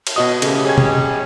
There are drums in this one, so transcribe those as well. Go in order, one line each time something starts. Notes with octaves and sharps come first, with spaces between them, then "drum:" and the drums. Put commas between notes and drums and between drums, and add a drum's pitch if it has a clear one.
drum: cymbal
B2 F#4 D#5 D#6
A#2 C#3 E3 A3 G4, drum: cymbal
G3 G#3 C#4 G#4 G#6
drum: tom B2